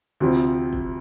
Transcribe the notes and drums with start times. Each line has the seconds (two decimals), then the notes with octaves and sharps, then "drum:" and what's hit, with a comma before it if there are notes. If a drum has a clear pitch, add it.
0.20 D2 C3 F3 C4 F4
0.73 drum: kick